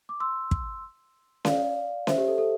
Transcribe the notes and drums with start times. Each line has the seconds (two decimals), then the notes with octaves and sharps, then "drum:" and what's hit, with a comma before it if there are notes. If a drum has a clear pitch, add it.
0.09 D6
0.20 C6 E6
0.51 drum: kick
1.45 D5 F5, drum: snare C#4
2.07 C5 E5, drum: snare C#4
2.18 G4
2.28 A4
2.38 A4